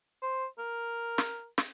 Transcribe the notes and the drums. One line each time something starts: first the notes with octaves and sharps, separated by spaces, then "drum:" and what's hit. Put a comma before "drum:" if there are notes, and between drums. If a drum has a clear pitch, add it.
C5
A#4
drum: snare
drum: snare